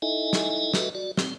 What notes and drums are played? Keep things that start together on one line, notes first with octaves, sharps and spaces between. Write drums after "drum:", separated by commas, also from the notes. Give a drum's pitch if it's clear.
D#4 E4 A4 D#5 E5 G#5
drum: snare
F#4 A4 B4 D#5 E5, drum: snare
F#4 D5
C4, drum: snare